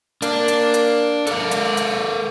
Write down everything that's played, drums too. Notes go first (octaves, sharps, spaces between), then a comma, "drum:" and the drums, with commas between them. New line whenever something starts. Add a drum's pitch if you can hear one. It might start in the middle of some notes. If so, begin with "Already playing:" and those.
A#3 D4, drum: hi-hat
drum: hi-hat
drum: hi-hat
A4 A#4 D5 F5, drum: hi-hat
drum: hi-hat
drum: hi-hat